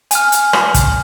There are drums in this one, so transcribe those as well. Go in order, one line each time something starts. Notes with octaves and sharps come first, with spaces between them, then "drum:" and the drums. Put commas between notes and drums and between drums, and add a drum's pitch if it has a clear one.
G#5 F6, drum: hi-hat
drum: hi-hat
drum: rim click
drum: kick, hi-hat